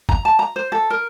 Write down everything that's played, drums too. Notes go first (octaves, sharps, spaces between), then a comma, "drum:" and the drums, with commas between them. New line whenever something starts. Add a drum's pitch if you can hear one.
A#5, drum: kick
A5
A#5
C5
A4
A#4